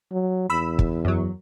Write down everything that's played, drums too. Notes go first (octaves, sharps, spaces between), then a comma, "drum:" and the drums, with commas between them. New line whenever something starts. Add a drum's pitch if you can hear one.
F#3
E2 B5 E6
drum: kick
F#2 F#3